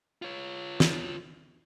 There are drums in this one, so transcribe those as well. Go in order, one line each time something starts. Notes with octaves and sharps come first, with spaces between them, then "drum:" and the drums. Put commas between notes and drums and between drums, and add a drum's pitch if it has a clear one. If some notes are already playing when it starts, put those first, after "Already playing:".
F4 C#5
drum: snare